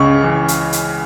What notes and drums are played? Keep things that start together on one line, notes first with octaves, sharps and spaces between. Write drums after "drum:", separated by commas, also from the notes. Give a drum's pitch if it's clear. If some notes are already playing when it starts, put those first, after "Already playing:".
Already playing: C#2 C#3 C#6
E3
drum: hi-hat
drum: hi-hat